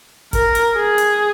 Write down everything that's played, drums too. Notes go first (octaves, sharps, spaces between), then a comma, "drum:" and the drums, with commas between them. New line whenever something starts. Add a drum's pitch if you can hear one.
A#4, drum: kick G1, hi-hat
drum: hi-hat
G#4
drum: hi-hat